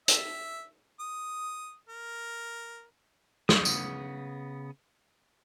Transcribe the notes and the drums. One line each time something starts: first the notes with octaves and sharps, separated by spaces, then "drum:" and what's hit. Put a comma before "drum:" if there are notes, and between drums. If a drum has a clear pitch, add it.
E5, drum: hi-hat
D#6
A#4
C#3 B3 D#6, drum: snare
drum: tambourine